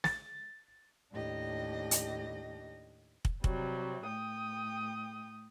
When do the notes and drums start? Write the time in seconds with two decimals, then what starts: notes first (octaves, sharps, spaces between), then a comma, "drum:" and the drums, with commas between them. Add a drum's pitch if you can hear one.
0.04 A6, drum: snare
1.13 D#2 A2 D4 G4 D#5 A#6
1.91 drum: hi-hat
3.25 drum: kick
3.44 C3 F#3 G3, drum: kick
4.07 A2 G5 D#6